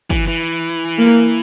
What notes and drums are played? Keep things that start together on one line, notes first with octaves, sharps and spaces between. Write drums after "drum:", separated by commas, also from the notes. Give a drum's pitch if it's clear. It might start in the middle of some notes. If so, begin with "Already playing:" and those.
E3, drum: kick
E3
A#3